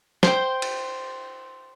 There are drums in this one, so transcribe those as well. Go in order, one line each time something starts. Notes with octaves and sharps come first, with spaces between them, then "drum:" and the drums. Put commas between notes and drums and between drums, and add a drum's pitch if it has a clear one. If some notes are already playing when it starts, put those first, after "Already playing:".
C5 G5, drum: snare
drum: cymbal